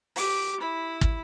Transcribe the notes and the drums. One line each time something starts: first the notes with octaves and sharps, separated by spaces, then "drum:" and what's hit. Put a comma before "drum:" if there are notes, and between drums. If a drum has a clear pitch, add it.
G4 D6, drum: open hi-hat
E4 B5
drum: kick